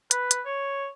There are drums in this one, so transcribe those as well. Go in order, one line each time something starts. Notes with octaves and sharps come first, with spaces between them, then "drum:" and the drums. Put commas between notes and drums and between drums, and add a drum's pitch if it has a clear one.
B4, drum: hi-hat
drum: hi-hat
C#5